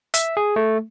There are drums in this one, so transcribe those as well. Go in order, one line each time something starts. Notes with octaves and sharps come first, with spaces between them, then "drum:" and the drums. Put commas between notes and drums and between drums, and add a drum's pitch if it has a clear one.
E5, drum: hi-hat
G#4
A3